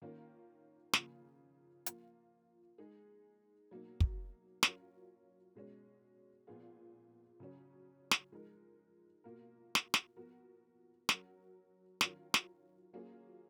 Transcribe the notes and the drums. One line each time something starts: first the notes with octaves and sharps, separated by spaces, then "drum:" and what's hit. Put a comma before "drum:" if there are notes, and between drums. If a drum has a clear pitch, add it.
D#3 A#3 C#4 F4 A#4
C#3 F3 A#3 F4, drum: snare
F3 A#3 F4, drum: hi-hat
G#3 D#4 G#4
B2 F#3 A#3 D#4
drum: kick
F#3 C#4 F4 A#4, drum: snare
B2 G#3 C#4
A#2 F3 B3 F4 G#4
C#3 F#3 C#4
drum: snare
F3 G#3 D#4 A#4
B2 A#3 F4 A#4
drum: snare
drum: snare
F3 B3 F#4 A#4
F#3 C#4 F#4 A#4, drum: snare
D#3 F#3 C#4 F4 A#4, drum: snare
drum: snare
F#3 A#3 C#4 F4 G#4